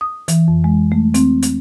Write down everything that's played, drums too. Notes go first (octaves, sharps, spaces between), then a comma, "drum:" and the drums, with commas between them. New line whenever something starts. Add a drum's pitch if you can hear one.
D#6
E3, drum: hi-hat
F2
G#3
A3
C4, drum: hi-hat
drum: hi-hat